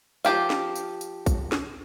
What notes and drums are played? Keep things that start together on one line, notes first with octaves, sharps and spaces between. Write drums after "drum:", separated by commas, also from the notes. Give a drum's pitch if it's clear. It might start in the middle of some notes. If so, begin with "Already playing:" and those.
F3 G4 F5, drum: tambourine
drum: snare
drum: tambourine
drum: tambourine
drum: kick A#1, tambourine
drum: snare